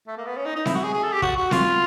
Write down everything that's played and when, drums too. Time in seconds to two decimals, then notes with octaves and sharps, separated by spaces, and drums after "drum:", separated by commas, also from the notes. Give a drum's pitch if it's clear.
0.07 A3
0.17 A#3
0.26 B3
0.37 C#4
0.45 D#4
0.56 D#4
0.65 E4, drum: snare C4
0.75 F#4
0.83 G#4
0.94 G#4
1.03 A4
1.12 G4
1.22 F#4, drum: kick
1.37 F#4
1.51 F4, drum: snare C4